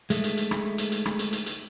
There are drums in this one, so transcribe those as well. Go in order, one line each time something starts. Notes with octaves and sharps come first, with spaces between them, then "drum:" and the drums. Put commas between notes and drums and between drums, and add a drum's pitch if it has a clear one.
G#3 A3, drum: hi-hat
drum: hi-hat
drum: hi-hat
drum: rim click
drum: hi-hat
drum: hi-hat
drum: rim click
drum: hi-hat
drum: hi-hat
drum: hi-hat